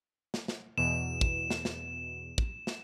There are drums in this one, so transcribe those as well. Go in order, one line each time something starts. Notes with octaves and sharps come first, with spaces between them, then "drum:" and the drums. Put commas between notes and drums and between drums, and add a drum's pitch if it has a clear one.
drum: snare
drum: snare
E2 B2 E7
drum: kick
drum: snare
drum: snare
drum: kick
drum: snare